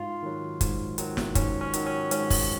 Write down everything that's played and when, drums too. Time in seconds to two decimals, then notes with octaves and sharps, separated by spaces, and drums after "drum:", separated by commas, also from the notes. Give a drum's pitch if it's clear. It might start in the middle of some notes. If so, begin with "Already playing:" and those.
Already playing: G#2 F4
0.23 D#3 F#3
0.61 G#2, drum: kick, hi-hat
0.98 D#3 F#3, drum: hi-hat
1.17 drum: snare
1.35 G#2 C#4, drum: kick, hi-hat
1.61 C#4
1.73 D#3 F#3, drum: hi-hat
1.86 C#4
2.11 G#2 C#4, drum: hi-hat
2.30 drum: kick, open hi-hat